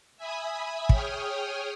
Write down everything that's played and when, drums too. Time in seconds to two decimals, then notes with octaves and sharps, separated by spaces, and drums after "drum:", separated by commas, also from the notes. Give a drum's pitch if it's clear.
0.17 E5 G#5 B5 D#6
0.89 G#4 C#5 G5 D#6 F6, drum: kick